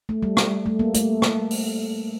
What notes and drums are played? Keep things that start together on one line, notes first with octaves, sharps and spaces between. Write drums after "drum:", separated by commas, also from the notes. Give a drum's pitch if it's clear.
A3
G3
drum: rim click
A3
A#3
A3, drum: hi-hat
drum: rim click
drum: open hi-hat